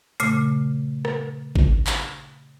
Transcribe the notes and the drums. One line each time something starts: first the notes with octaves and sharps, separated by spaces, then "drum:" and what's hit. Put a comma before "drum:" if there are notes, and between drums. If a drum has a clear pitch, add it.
A#2 C#3 A3, drum: hi-hat
drum: rim click
drum: kick G#1
drum: clap